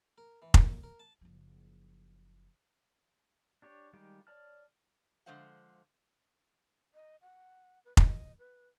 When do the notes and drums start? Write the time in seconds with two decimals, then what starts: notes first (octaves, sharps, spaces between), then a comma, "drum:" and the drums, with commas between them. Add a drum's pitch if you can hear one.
0.18 A#4
0.42 E3
0.54 A#3, drum: kick F1
0.83 A#4
1.00 A5
1.21 F#1 F3
3.62 D4 G4 C#5
3.93 D#3 G3 G#3 F4 G4
4.27 C#5 D5 A5 F6
5.26 D3 F3 G#3 C5 F5 F#5
6.94 D#5
7.21 F#5
7.85 B4
7.97 D#5, drum: kick F1
8.38 B4